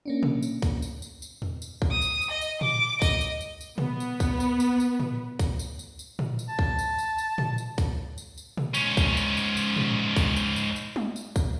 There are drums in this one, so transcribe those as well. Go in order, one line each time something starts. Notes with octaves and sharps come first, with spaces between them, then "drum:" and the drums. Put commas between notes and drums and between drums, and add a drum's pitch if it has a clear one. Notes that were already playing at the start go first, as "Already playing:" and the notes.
A#3 C#4 D4
drum: tom A#2
drum: tambourine
drum: kick, tambourine
drum: tambourine
drum: tambourine
drum: tambourine
drum: tom E2
drum: tambourine
drum: kick
D#6
drum: tambourine
drum: tambourine
D#5
drum: tambourine
D6, drum: tom A2
D#5, drum: kick, tambourine
drum: tambourine
drum: tambourine
drum: tambourine
B3 B4, drum: tom A#2
drum: tambourine
drum: kick, tambourine
drum: tambourine
drum: tambourine
drum: tambourine
drum: tom A2
drum: kick, tambourine
drum: tambourine
drum: tambourine
drum: tambourine
drum: tom A2
drum: tambourine
A5
drum: kick
drum: tambourine
drum: tambourine
drum: tambourine
drum: tom A2
drum: tambourine
drum: kick, tambourine
drum: tambourine
drum: tambourine
drum: tom A#2
G#2 C#4, drum: tambourine
drum: kick, tambourine
drum: tambourine
drum: tambourine
drum: tambourine
drum: tom A2
drum: kick, tambourine
drum: tambourine
drum: tambourine
drum: tambourine
drum: tom G3
drum: tambourine
drum: kick, tambourine